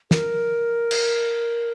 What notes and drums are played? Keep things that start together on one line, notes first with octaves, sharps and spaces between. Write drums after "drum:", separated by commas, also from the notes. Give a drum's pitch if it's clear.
A#4, drum: snare
drum: cymbal